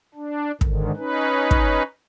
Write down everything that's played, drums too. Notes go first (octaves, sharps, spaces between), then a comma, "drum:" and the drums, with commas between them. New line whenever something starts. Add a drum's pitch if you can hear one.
D4
G#2 D3 D#3, drum: kick
C#4 D#4 B4
drum: kick